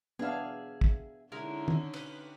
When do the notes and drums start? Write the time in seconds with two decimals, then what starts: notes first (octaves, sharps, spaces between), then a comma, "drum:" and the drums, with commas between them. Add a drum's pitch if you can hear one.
0.19 B3 D4 G#4 E5 F5
0.81 drum: kick
1.32 D3 G#3 C#4 D#4 E4 A#4
1.68 drum: tom
1.94 B4, drum: cymbal